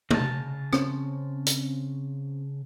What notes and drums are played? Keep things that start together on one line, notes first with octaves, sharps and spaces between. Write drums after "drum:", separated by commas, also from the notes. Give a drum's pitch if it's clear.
C#3 A5, drum: tom C3
C4 C#4, drum: rim click
drum: hi-hat